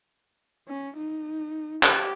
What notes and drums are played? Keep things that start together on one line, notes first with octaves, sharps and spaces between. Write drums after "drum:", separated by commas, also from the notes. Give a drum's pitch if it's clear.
C#4
D#4
G4, drum: clap